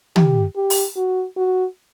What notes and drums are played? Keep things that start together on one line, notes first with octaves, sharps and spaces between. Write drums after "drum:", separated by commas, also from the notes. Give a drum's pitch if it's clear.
G4, drum: tom
G4
drum: open hi-hat
F#4
F#4